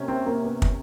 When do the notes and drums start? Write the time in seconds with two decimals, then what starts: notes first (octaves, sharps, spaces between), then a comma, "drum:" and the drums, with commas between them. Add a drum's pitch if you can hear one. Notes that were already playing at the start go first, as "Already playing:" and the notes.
Already playing: C3 A#3 C#4
0.08 C4
0.26 A#3
0.44 B3
0.62 drum: kick